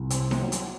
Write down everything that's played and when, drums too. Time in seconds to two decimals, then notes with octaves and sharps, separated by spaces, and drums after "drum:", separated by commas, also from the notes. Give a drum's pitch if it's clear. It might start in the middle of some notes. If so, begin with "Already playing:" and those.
Already playing: C2
0.10 C4, drum: hi-hat
0.31 drum: snare D#4
0.41 F#3
0.52 drum: hi-hat